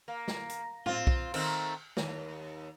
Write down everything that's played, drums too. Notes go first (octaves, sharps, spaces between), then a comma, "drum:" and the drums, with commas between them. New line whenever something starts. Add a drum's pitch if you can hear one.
A#3
drum: snare
drum: hi-hat
C4 F4, drum: tom
drum: kick B1
D#3 A3 C4, drum: cymbal
D#2, drum: snare